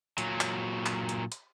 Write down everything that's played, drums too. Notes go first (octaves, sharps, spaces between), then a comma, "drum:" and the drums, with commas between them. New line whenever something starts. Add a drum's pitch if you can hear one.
A#2 F#3, drum: hi-hat
drum: clap
drum: clap
drum: hi-hat
drum: hi-hat